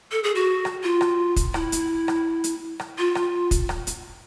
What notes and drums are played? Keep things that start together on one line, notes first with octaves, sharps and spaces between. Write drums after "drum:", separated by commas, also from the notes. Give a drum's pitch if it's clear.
A4
G#4
F#4
drum: rim click
F4
drum: rim click
drum: kick, hi-hat
E4, drum: rim click
drum: hi-hat
drum: rim click
drum: hi-hat
drum: rim click
F4
drum: rim click
drum: kick, hi-hat
drum: rim click
drum: hi-hat